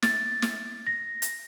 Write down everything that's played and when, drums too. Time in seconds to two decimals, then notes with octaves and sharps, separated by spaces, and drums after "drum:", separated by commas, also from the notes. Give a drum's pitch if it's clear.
0.02 A6, drum: snare
0.42 drum: snare
0.87 A#6
1.22 drum: hi-hat